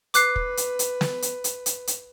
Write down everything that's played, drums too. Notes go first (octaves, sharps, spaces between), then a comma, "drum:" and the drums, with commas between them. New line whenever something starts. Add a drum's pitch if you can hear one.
B4 D6 F#6 C7, drum: hi-hat
drum: kick
drum: hi-hat
drum: hi-hat
drum: snare
drum: hi-hat
drum: hi-hat
drum: hi-hat
drum: hi-hat